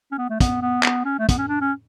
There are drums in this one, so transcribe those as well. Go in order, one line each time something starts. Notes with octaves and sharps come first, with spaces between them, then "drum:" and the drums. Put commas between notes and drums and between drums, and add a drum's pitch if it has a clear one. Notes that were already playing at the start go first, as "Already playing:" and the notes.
C#4
B3
A3
B3, drum: kick, hi-hat
B3
B3, drum: clap
C#4
A3
B3, drum: kick, hi-hat
C#4
D4
C#4